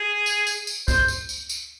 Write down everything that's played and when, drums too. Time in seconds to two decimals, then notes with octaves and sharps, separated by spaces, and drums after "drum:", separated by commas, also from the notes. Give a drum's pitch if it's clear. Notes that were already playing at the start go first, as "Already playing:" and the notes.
Already playing: G#4
0.26 drum: tambourine
0.47 drum: tambourine
0.67 drum: tambourine
0.88 C5, drum: kick, tambourine
1.08 drum: tambourine
1.29 drum: tambourine
1.49 drum: tambourine